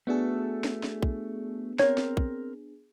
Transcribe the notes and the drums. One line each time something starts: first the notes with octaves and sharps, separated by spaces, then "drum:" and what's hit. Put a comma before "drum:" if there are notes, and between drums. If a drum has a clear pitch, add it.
A3 B3 D4 F#4 G#4 A4
drum: snare
drum: snare
drum: kick
C4 A#4 C#5, drum: snare
drum: snare
drum: kick